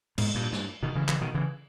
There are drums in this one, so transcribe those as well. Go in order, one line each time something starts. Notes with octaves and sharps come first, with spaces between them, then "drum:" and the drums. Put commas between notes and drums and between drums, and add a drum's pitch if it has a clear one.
G#2 B2, drum: cymbal
G2 A#2
G2, drum: snare
B2 D#3
C#3 E3
C#3 E3, drum: clap
B2 D#3
C#3 E3